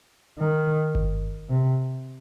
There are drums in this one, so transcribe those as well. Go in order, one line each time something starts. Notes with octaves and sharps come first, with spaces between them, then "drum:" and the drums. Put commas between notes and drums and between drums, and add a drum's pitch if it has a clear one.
D#3
drum: kick G1
C3